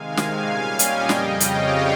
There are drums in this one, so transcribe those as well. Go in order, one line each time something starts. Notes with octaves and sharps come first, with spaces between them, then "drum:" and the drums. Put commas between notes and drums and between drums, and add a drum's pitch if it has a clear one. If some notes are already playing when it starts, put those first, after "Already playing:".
Already playing: C3 D#3 G#3 F5 G#5
F5 G#5, drum: snare
A#2 G3 C#4
D#5 G5, drum: hi-hat
F2 C#3 G3 D#5 G5, drum: snare
C#5 F5, drum: hi-hat